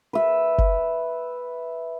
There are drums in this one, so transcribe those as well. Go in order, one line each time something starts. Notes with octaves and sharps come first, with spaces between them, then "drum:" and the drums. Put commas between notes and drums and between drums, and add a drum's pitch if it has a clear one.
B4 E5
drum: kick F#1